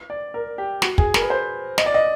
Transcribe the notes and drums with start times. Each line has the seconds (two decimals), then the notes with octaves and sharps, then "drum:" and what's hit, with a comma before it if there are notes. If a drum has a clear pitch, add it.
0.10 D5
0.34 A#4
0.58 G4
0.82 F#4, drum: snare
0.98 G#4, drum: kick
1.14 A#4, drum: snare
1.22 B4
1.30 C5
1.78 D#5, drum: snare
1.86 D5
1.94 D#5